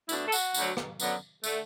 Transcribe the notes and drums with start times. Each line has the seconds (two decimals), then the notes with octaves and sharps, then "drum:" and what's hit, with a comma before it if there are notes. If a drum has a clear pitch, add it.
0.09 B2 A3 D4 E4, drum: tambourine
0.28 A4
0.32 F#4, drum: tambourine
0.54 D2 D3 F#3, drum: tambourine
0.77 drum: rim click
1.00 F#2 D3 F#3 B3, drum: tambourine
1.44 D3 A3, drum: tambourine